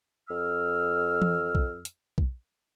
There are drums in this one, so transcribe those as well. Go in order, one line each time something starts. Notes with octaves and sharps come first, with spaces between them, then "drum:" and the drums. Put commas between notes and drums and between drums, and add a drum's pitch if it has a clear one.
F2 E6 F6
drum: tom E3
drum: kick B1
drum: hi-hat
drum: kick B1